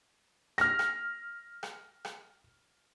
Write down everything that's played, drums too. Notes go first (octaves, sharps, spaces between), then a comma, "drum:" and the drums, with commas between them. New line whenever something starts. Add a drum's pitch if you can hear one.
F6 A#6, drum: rim click
drum: rim click
drum: rim click
drum: rim click